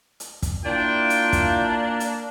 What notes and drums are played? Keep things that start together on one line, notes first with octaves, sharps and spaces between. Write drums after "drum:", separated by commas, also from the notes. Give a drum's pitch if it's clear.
drum: hi-hat
drum: kick, hi-hat
A#3 D4 E4 F4 G5
drum: hi-hat
drum: kick, hi-hat
drum: hi-hat